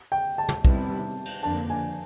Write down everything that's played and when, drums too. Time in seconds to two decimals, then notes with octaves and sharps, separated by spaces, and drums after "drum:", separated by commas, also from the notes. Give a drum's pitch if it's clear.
0.12 G5
0.38 A5
0.49 drum: tom
0.65 C3 D#3 G3 B3 E4, drum: kick
1.25 drum: cymbal
1.42 F2 D3 F3 A#3 D4 A5
1.70 G#5